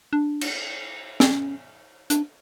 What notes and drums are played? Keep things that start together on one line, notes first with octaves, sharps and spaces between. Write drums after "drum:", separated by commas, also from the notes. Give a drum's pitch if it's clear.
D4
drum: cymbal
C4, drum: snare
C#4
D4, drum: hi-hat